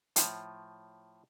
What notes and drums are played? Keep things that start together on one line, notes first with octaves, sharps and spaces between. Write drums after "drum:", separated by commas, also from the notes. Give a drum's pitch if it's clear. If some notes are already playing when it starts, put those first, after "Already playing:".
A2 F3, drum: hi-hat